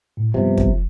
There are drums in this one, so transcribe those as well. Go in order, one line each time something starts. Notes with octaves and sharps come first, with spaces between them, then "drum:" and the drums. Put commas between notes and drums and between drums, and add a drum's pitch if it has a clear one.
A2
G2 C3 F3 G3 B3
drum: kick